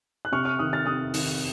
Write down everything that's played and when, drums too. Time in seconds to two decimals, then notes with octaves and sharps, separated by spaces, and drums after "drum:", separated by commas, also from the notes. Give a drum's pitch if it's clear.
0.25 F#6
0.32 C3 C#6 F6
0.45 C#6 F6
0.59 D#3 D#6 F#6
0.73 F6 A6
0.86 C3 D#6 F#6
1.14 D#3, drum: open hi-hat